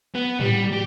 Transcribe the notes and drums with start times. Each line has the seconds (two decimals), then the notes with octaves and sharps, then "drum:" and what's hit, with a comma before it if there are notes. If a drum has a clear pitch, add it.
0.15 B3
0.40 G3, drum: tom G#2
0.72 G4